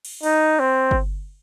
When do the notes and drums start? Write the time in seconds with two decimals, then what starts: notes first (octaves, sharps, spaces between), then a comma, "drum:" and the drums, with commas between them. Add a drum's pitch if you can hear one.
0.05 drum: cymbal
0.23 D#4, drum: open hi-hat
0.60 C4
0.91 drum: kick G1